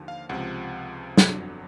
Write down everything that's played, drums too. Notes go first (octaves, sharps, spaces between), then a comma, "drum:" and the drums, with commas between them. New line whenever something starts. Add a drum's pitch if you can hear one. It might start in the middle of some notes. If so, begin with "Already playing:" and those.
Already playing: D#2 D3 F3
F5
C#2 C3 F3 F#5
G1 F2 D3 F#3, drum: snare